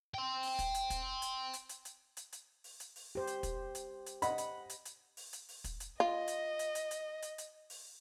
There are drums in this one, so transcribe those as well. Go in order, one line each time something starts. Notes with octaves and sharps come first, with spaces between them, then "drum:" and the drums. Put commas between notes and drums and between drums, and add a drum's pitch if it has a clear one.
G5 C6
drum: open hi-hat
drum: kick, hi-hat
drum: hi-hat
drum: kick, hi-hat
drum: hi-hat
drum: hi-hat
drum: hi-hat
drum: hi-hat
drum: hi-hat
drum: hi-hat
drum: open hi-hat
drum: hi-hat
drum: open hi-hat
G4 C5
drum: hi-hat
drum: kick, hi-hat
drum: hi-hat
drum: hi-hat
D#5 F#5 B5, drum: hi-hat
drum: hi-hat
drum: hi-hat
drum: hi-hat
drum: open hi-hat
drum: hi-hat
drum: open hi-hat
drum: kick, hi-hat
drum: hi-hat
F4 D#5
drum: hi-hat
drum: hi-hat
drum: hi-hat
drum: hi-hat
drum: hi-hat
drum: hi-hat
drum: open hi-hat